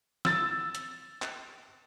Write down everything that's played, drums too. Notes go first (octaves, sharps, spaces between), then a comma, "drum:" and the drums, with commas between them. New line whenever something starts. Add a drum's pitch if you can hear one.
E6 A6, drum: snare
drum: hi-hat
drum: clap